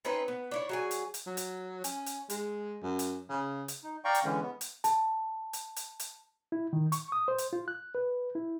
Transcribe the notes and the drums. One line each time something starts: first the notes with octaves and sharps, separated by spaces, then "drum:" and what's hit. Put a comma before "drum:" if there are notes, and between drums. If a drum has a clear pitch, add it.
C4 C#4 D#4 B4
B3
D4 E4 C#5
F#3 G#4 G#5
drum: hi-hat
drum: hi-hat
F#3
drum: hi-hat
C#4, drum: hi-hat
drum: hi-hat
G#3, drum: hi-hat
F#2
drum: hi-hat
C#3
drum: hi-hat
D#4
D5 F5 G5 A#5 C#6
drum: hi-hat
D3 E3 G#3 C#4
B3
drum: hi-hat
A5, drum: hi-hat
drum: hi-hat
drum: hi-hat
drum: hi-hat
E4
D#3
C#6, drum: hi-hat
D#6
C5
drum: hi-hat
F4
F#6
B4
E4